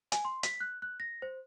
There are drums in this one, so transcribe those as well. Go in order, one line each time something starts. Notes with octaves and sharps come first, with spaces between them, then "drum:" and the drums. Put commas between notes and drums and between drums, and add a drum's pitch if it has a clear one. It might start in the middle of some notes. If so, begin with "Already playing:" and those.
G#5, drum: hi-hat
C6
B6, drum: hi-hat
F#6
F#6
A#6
C5